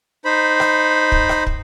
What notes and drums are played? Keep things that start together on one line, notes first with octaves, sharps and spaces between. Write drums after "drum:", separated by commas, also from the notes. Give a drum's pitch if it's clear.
D#4 C5 B5
drum: rim click
drum: kick
drum: rim click
drum: kick